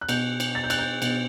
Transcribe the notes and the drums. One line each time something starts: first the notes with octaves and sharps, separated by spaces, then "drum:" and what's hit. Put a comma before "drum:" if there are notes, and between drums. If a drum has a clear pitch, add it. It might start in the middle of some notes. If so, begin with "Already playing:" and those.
F#6
B2 G6, drum: cymbal
drum: cymbal
A6
G6
F#6, drum: cymbal
G6
B2, drum: cymbal